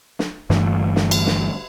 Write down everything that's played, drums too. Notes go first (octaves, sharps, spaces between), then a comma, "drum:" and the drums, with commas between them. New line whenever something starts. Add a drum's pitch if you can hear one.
drum: snare
G1 G2 E3 A3, drum: snare
drum: snare
drum: cymbal
drum: snare